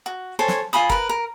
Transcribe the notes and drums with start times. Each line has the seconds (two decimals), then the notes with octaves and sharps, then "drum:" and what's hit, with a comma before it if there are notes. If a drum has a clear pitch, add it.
0.06 F#4
0.39 A4 C5 C#5 G#5
0.48 drum: snare
0.73 F4 G#5 B5 D#6
0.90 A#4 B4, drum: kick
1.09 A#4